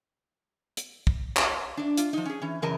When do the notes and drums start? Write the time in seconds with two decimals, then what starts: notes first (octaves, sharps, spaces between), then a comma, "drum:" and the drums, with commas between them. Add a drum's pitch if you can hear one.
0.77 drum: hi-hat
1.07 drum: kick
1.37 drum: clap
1.77 D4 D5
1.97 F4, drum: hi-hat
2.13 F3 D#4
2.26 C#4 G#4
2.42 E3 C#4
2.62 F#2 C#3 E3 A#4 D#5 A5